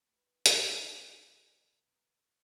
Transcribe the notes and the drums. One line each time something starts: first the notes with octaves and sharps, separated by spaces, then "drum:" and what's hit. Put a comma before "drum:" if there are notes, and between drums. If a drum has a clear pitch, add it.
B3 D#4 G4 B4 D#5
drum: hi-hat
B3 D#4 G4 B4 D#5
C3 D#3 G#3 B3
C3 D#3 G#3 B3